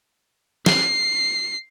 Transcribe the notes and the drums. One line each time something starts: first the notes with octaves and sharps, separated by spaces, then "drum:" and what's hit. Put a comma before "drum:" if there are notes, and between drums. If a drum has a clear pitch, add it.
C7, drum: snare